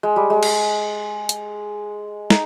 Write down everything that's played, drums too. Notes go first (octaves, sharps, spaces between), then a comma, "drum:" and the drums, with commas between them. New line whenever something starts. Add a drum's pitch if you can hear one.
G#3
G3
G#3
drum: cymbal
drum: hi-hat
D#4, drum: snare